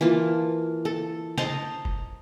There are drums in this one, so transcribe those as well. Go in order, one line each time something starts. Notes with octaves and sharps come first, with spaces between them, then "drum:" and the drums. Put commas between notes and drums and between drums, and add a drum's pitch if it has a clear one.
E3 A#3 F4 A5
A4
C5 D#5 A5 A#5, drum: snare
drum: kick F1